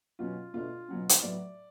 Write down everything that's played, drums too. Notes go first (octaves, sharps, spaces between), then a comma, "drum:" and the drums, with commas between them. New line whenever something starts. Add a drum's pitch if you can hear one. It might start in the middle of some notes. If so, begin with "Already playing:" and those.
B2 F#3 C#4 F4
B2 A3 D4 F4
B2 F#3 C#4
drum: hi-hat
A2 F#3 B3 D5